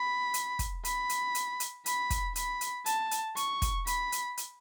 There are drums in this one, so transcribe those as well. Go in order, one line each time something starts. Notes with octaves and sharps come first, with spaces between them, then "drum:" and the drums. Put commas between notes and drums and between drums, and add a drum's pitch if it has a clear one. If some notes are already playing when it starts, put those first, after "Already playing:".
Already playing: B5
drum: hi-hat
drum: kick, hi-hat
B5, drum: hi-hat
drum: hi-hat
drum: hi-hat
drum: hi-hat
B5, drum: hi-hat
drum: kick, hi-hat
B5, drum: hi-hat
drum: hi-hat
A5, drum: hi-hat
drum: hi-hat
C#6, drum: hi-hat
drum: kick, hi-hat
B5, drum: hi-hat
drum: hi-hat
drum: hi-hat